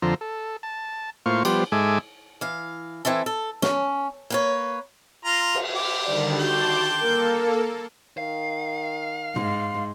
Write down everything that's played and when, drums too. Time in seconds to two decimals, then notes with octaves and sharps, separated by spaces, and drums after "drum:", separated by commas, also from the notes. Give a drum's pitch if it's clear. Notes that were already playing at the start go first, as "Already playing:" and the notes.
0.02 F2 D3 F3 A4 A#5 C6
0.21 A4
0.63 A5
1.26 A2 A#3 F4 C5 F5 C#6
1.45 F3 G3 B3 G4 C5, drum: cymbal
1.72 G#2 G#3 A4 E5 G#5 D6
2.41 E3 F5
3.05 E3 C4 E4 A4
3.26 A4
3.62 C#4, drum: snare
4.30 A#3 B4 C#5
5.25 F4 A#5
5.55 drum: cymbal
5.74 G4
6.05 D3 D#3 G3 D5
6.40 F#4 G5 A5 C6 D6
7.01 A#3 A4 A#4
8.18 D#3 F5
9.36 G#2 C6, drum: tom